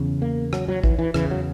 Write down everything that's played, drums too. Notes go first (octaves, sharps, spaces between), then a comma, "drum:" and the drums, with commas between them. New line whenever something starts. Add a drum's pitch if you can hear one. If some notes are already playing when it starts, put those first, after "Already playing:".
Already playing: E2 C#3
A#3
F#3, drum: rim click
F#3
E3, drum: kick
E3
E2 C#3 E3, drum: rim click
F#3